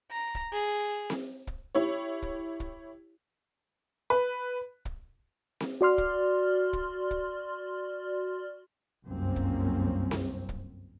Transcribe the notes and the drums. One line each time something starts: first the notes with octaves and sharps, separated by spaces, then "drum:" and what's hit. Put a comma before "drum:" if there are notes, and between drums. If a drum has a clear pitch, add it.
A#5
drum: kick
G#4
drum: snare C4
drum: kick
E4 G4 C#5
drum: kick
drum: kick
B4
drum: kick
drum: snare C4
F#4 D5 C6 F6
drum: kick
drum: kick
drum: kick
G1 C2 F#2 A#3 C4 C#4
drum: kick
drum: snare C4
drum: kick